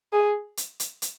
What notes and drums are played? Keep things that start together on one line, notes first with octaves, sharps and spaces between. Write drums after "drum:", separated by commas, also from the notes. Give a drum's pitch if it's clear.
G#4
drum: hi-hat
drum: hi-hat
drum: hi-hat